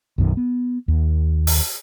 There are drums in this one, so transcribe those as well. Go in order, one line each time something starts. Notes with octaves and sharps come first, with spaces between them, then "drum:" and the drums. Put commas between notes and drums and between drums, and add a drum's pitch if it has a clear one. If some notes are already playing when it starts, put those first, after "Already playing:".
B1 F#2 D#3
B3
D#2
drum: open hi-hat